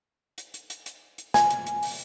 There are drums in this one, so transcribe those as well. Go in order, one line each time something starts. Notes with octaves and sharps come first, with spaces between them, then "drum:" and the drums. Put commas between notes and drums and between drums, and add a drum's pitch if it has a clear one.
drum: hi-hat
drum: hi-hat
drum: hi-hat
drum: hi-hat
drum: hi-hat
G#5, drum: snare
drum: hi-hat
drum: hi-hat
drum: open hi-hat